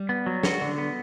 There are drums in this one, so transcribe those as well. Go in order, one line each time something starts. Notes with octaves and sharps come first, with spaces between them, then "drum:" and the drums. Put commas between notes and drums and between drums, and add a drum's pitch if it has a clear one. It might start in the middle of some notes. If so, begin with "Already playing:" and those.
Already playing: G3
B3
F#3
F#4, drum: snare
D3
B3